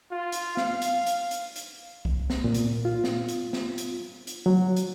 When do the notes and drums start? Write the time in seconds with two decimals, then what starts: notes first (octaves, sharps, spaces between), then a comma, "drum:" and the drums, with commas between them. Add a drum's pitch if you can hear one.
0.11 F4
0.32 drum: hi-hat
0.57 F5, drum: snare
0.82 drum: hi-hat
1.06 drum: hi-hat
1.31 drum: hi-hat
1.56 drum: hi-hat
2.05 drum: kick C2
2.30 drum: snare
2.44 A#2
2.54 drum: hi-hat
2.85 F4
3.04 drum: snare
3.28 drum: hi-hat
3.53 drum: snare
3.78 drum: hi-hat
4.27 drum: hi-hat
4.46 F#3
4.76 drum: hi-hat